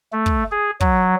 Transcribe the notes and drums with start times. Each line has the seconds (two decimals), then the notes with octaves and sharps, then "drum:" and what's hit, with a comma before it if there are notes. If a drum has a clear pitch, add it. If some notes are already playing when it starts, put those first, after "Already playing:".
0.12 A3
0.26 drum: kick
0.51 G#4
0.80 F#3, drum: kick